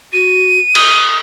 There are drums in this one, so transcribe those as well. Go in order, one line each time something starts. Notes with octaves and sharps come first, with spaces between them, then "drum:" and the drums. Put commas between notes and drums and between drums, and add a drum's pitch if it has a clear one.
F#4 D#7
D#6, drum: cymbal